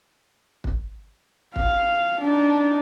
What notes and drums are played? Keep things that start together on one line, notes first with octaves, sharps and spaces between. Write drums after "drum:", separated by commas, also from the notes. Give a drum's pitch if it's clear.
drum: kick
F5, drum: kick
D4 D#4